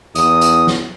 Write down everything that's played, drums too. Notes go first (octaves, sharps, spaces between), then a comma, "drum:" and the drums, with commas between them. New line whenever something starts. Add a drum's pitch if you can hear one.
E2 D#6, drum: hi-hat
drum: hi-hat
drum: snare